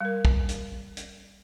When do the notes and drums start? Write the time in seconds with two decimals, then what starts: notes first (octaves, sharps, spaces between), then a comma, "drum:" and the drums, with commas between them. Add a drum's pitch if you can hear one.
0.01 G3 A#4
0.25 drum: kick
0.49 drum: hi-hat
0.97 drum: hi-hat